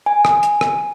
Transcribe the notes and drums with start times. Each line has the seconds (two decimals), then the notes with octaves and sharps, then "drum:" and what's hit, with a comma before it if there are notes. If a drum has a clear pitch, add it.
0.06 G#5
0.25 drum: rim click
0.43 drum: hi-hat
0.61 drum: rim click